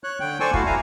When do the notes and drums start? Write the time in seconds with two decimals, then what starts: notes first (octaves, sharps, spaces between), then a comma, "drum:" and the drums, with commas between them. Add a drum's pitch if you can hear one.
0.04 C#5 F#6
0.20 D3 G5
0.40 A4 C5 D5 G#5 C#6 E6
0.54 A3 E4 F#4 F5, drum: kick
0.66 E4 F5 G#5 A#5